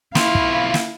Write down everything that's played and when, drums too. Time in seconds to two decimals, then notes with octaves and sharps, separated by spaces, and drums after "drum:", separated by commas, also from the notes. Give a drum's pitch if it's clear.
0.15 B2 E4 F4 F5, drum: snare
0.35 drum: kick
0.74 drum: snare